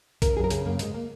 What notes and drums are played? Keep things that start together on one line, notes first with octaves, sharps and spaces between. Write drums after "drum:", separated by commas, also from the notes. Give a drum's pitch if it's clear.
C#3 A#4, drum: kick B1, hi-hat
F#2 G#4
A#4
C#3 G#4, drum: hi-hat
F#2 A#3
G#2 G#3, drum: hi-hat
A#3